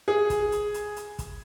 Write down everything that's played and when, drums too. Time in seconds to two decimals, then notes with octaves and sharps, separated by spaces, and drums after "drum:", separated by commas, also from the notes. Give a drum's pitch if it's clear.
0.08 G#4
0.30 drum: kick, hi-hat
0.52 drum: hi-hat
0.74 drum: hi-hat
0.96 drum: hi-hat
1.19 drum: kick, hi-hat